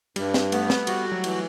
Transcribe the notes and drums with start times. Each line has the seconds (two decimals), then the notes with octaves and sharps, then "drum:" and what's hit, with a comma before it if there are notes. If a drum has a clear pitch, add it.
0.16 G2 G3, drum: cymbal
0.34 drum: snare
0.52 A3 B3, drum: cymbal
0.70 drum: snare
0.87 G3 F#4, drum: cymbal
1.12 F#3
1.24 E3, drum: cymbal